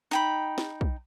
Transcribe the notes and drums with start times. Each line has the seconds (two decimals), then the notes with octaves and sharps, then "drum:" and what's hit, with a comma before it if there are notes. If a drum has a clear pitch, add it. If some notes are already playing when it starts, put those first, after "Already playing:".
0.11 D#4 G5 B5
0.58 drum: snare
0.81 drum: kick